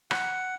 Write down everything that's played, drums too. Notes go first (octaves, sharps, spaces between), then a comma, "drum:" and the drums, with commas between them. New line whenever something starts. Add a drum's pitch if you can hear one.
F#5, drum: rim click